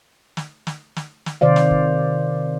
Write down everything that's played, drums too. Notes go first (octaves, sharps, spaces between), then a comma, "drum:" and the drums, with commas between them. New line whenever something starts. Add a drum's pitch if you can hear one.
drum: snare
drum: snare
drum: snare
drum: snare
C3 D#3 C5 D5 F5
drum: snare
drum: kick